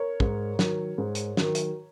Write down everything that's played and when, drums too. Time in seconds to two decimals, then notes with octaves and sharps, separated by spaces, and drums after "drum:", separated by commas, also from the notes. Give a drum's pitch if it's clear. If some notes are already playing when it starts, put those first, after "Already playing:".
Already playing: A#4 C#5
0.20 G#2, drum: kick
0.59 D#3 F#3, drum: snare
0.98 G#2
1.15 drum: hi-hat
1.37 D#3 F#3, drum: snare
1.55 drum: hi-hat